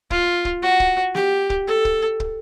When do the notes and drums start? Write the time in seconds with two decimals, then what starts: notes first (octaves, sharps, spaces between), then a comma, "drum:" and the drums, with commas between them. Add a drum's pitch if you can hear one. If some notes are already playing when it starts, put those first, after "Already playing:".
0.11 F4, drum: kick
0.45 drum: kick
0.62 F#4
0.80 drum: kick
1.15 G4, drum: snare
1.50 drum: kick
1.67 A4
1.85 drum: kick
2.20 drum: kick